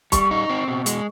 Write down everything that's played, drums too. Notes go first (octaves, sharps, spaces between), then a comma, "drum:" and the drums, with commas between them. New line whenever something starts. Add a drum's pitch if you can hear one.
G3 C#6, drum: kick, hi-hat
D#4
C4
B2
G#3, drum: hi-hat